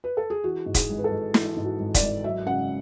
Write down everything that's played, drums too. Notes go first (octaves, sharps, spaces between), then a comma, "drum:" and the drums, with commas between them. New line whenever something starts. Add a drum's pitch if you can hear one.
B4
A4
G#4
E3 F#4
G#2
G#4, drum: kick, hi-hat
G#1
B4
A4
G#1
E3 E4, drum: snare
G#2
F#4
G#1
D5, drum: kick, hi-hat
G#1
F#3 E5
C#3 F#5